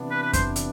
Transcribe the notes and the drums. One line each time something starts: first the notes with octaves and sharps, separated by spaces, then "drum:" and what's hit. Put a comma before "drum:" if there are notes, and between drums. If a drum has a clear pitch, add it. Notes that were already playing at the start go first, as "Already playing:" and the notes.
Already playing: C3 E3 B3 D4
B4
B4
C5, drum: kick F2, hi-hat
drum: hi-hat